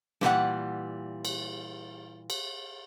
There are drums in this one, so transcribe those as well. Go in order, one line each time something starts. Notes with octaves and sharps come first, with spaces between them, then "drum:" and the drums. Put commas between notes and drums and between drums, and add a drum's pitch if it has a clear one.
A#2 E3 G3 F#5, drum: snare
drum: cymbal
drum: cymbal